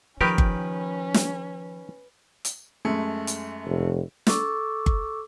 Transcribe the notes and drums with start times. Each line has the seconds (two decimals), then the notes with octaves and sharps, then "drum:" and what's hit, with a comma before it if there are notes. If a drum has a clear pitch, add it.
0.21 D#3 F3 C#4 G4 A#4 B4
0.38 drum: kick G1
1.14 drum: snare
2.45 drum: hi-hat
2.85 F#2 G#3 A3
3.27 drum: hi-hat
3.66 F1
4.27 A4 C#6 D6 E6, drum: snare
4.86 drum: kick G1